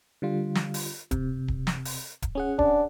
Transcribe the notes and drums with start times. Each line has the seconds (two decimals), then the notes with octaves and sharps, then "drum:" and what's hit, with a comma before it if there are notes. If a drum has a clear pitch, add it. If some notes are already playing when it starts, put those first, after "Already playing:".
0.22 D3 G3 F4
0.55 drum: snare
0.74 drum: open hi-hat
1.11 C3, drum: kick D1, hi-hat
1.48 drum: kick D1
1.67 drum: snare
1.85 drum: open hi-hat
2.22 drum: kick D1, hi-hat
2.35 C#4 G#4 F#5
2.59 D4, drum: kick D1